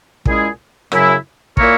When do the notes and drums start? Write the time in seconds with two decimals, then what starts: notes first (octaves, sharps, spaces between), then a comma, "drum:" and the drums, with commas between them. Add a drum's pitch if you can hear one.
0.26 A#2 G#3 C#4 E4 G#4, drum: kick
0.92 F#2 C#3 F#3 C#4 E4, drum: rim click
1.57 A#2 A#3 E4 A#4 C#5, drum: kick